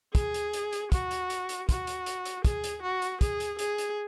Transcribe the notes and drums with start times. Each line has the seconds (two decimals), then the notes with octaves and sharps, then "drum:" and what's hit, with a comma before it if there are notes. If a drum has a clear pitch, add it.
0.15 G#4, drum: kick, hi-hat
0.34 drum: hi-hat
0.53 drum: hi-hat
0.73 drum: hi-hat
0.92 F#4, drum: kick, hi-hat
1.11 drum: hi-hat
1.30 drum: hi-hat
1.49 drum: hi-hat
1.69 F#4, drum: kick, hi-hat
1.87 drum: hi-hat
2.06 drum: hi-hat
2.25 drum: hi-hat
2.45 G#4, drum: kick, hi-hat
2.64 drum: hi-hat
2.82 F#4
3.02 drum: hi-hat
3.21 G#4, drum: kick, hi-hat
3.40 drum: hi-hat
3.59 G#4, drum: hi-hat
3.78 drum: hi-hat